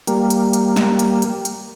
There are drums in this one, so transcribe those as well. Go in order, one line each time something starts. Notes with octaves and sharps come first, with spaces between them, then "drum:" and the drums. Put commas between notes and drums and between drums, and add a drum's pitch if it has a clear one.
G3 A#3, drum: hi-hat
drum: hi-hat
drum: hi-hat
drum: snare
drum: hi-hat
drum: hi-hat
drum: hi-hat